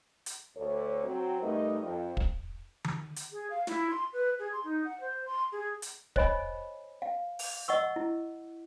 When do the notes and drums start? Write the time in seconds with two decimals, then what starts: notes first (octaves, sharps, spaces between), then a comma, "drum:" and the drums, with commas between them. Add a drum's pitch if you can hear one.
0.26 drum: hi-hat
0.56 D2 A4 C#5
1.04 F#3 C4
1.41 G2 A3 D#4 A#4 D#5
1.81 F2
2.17 drum: kick
2.84 drum: tom D#3
3.16 drum: hi-hat
3.32 G#4
3.50 F5
3.67 E4, drum: snare
3.90 C6
4.13 B4
4.39 G#4
4.52 C6
4.64 D#4
4.84 F#5
5.00 C5
5.25 C6
5.52 G#4
5.82 drum: hi-hat
6.16 C5 C#5 D#5 G#5 B5, drum: kick
7.02 F5
7.39 drum: open hi-hat
7.68 D#5 F#5 C#6 E6
7.96 E4